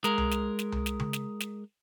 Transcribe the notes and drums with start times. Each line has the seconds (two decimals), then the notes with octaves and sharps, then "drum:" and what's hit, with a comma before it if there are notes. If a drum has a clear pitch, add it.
0.04 G#3 A#4, drum: snare
0.18 drum: tom C2
0.31 drum: snare
0.59 drum: snare
0.72 drum: tom C2
0.86 drum: snare
1.00 drum: tom C#3
1.13 drum: snare
1.40 drum: snare